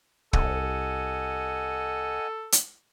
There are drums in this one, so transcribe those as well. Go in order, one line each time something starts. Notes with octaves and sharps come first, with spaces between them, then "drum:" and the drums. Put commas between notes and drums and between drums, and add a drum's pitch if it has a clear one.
C2 A4 D#5 F#5 G#5, drum: kick
drum: hi-hat